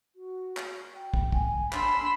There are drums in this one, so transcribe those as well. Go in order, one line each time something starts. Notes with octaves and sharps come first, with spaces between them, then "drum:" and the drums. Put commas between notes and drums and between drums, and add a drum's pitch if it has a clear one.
F#4
drum: clap
G5
drum: kick
G#5, drum: kick
D4 B5 C6 E6, drum: clap